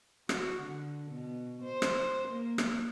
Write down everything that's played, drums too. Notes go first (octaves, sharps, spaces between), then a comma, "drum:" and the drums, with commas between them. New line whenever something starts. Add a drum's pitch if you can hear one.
F#4, drum: rim click
D3
B2
C5
drum: rim click
A#3
drum: rim click